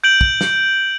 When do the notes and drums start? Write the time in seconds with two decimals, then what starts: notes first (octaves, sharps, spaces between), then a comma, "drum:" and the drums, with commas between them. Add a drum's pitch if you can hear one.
0.04 G6 D7 F#7
0.21 drum: kick
0.41 drum: snare